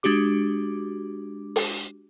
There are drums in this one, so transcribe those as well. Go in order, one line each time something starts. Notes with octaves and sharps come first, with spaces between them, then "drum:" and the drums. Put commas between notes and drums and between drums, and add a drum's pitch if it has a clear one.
G#3 D4 F#4 G4 D6
drum: open hi-hat